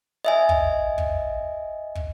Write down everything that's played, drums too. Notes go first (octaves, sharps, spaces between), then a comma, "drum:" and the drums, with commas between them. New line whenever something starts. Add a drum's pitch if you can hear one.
D#5 E5 G#5
drum: kick
drum: kick
drum: kick